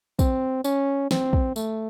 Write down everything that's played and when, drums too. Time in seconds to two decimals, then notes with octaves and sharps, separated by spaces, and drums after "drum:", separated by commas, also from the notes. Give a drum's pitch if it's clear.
0.19 C4, drum: kick, tambourine
0.64 C#4, drum: tambourine
1.11 C4, drum: snare
1.33 drum: kick
1.56 A3, drum: tambourine